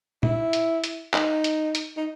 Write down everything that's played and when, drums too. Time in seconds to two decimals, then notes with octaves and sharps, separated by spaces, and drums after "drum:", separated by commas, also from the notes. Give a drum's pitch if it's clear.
0.23 E4, drum: tom A#2
0.53 drum: hi-hat
0.84 drum: hi-hat
1.14 D#4, drum: clap
1.44 drum: hi-hat
1.75 drum: hi-hat
1.97 D#4